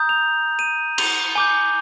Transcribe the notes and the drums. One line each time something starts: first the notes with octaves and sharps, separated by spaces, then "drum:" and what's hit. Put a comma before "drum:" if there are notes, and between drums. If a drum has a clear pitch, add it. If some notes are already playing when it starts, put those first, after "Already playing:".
Already playing: A#5 D#6 G6
F7
D#7
F7, drum: cymbal
G#5 D6 G6 G7